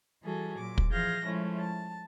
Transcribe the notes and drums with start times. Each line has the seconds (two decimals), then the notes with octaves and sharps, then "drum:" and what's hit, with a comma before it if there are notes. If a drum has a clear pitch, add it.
0.23 E3 G3 F#4 G#4 A4
0.58 A#2 F#3 D6
0.78 drum: kick
0.90 E3 F3 G#4 F5 G6 A#6
1.24 F3 G#3 A3 C#4 E4
1.60 A5